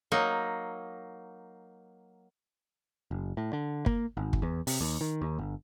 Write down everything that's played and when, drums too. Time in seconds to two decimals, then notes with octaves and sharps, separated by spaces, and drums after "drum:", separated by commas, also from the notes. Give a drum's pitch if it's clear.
0.12 F#3 A#3 D#4
3.11 F#1
3.37 A2
3.53 D3
3.86 A#3, drum: kick G1
4.17 G#1
4.33 drum: kick G1
4.42 E2
4.67 C3, drum: open hi-hat
4.81 D#2
5.01 D#3
5.21 D#2
5.38 G1